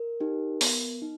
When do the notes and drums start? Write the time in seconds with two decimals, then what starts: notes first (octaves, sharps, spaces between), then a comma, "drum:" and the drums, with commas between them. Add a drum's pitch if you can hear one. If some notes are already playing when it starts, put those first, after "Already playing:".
Already playing: A#4
0.20 D#4 G4
0.61 B3, drum: open hi-hat
1.02 D#4